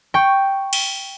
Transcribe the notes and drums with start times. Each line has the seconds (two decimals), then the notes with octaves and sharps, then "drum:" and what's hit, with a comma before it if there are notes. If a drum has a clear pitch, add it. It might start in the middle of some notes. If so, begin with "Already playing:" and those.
0.14 G5 C#6
0.73 drum: cymbal